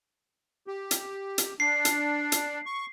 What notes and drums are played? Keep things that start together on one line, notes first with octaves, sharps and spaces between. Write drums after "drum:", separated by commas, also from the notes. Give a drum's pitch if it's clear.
G4
drum: hi-hat
drum: hi-hat
D4 C7
drum: hi-hat
drum: hi-hat
C#6